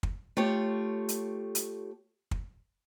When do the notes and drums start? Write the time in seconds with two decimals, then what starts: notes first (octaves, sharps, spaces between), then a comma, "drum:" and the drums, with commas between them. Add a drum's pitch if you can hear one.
0.03 drum: kick
0.37 A3 F4 G4 C#5
1.09 drum: hi-hat
1.55 drum: hi-hat
2.31 drum: kick